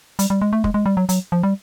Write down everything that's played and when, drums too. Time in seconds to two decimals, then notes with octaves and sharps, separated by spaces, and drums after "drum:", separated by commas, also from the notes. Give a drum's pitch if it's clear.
0.19 G3, drum: hi-hat
0.30 G3
0.42 G#3
0.53 A3
0.64 G#3, drum: kick
0.74 G#3
0.86 G3
0.97 F#3
1.09 F#3, drum: hi-hat
1.32 F3
1.43 G3